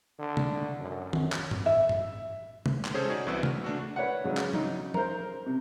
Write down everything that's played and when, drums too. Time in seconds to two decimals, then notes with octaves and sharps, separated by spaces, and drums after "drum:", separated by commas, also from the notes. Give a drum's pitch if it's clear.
0.19 D3
0.37 drum: tom C3
0.80 F#2
1.13 drum: tom D#3
1.32 drum: clap
1.51 drum: tom G2
1.66 E5
1.89 drum: tom G2
2.66 drum: tom C3
2.85 drum: clap
2.94 G#3 C#4 G#4 A4 C5 C#5
3.08 D#4 F#4 G#4 D5
3.27 C2 E3 B3 F#4 B4 E6
3.43 F6, drum: tom C3
3.64 A3 D4 F#4
3.96 B4 C#5 D5 F#5
4.24 G#2 C#3 F#3 C#4
4.37 drum: clap
4.53 C#3 F#3 D#4, drum: tom F3
4.94 A#4 C5, drum: tom F3
5.46 C3